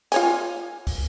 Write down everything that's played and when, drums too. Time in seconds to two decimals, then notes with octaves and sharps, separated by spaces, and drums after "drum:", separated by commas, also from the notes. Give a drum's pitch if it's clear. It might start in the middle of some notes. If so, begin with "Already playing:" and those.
0.12 F4 C#5 G#5, drum: hi-hat
0.87 drum: kick, open hi-hat